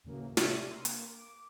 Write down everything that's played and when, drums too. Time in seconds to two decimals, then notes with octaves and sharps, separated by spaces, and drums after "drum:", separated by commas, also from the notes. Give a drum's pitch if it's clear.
0.04 D#2 A2 C#3 E3 F#3 A#3
0.37 C3 D4 G4 C#5 E5 D#7, drum: snare
0.69 A#4 C6
0.85 A#3, drum: hi-hat
1.15 D6